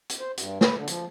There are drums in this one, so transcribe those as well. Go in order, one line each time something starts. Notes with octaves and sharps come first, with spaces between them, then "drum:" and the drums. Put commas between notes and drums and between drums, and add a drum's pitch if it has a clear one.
drum: hi-hat
C5
G2, drum: hi-hat
B4, drum: snare
D3
F3, drum: hi-hat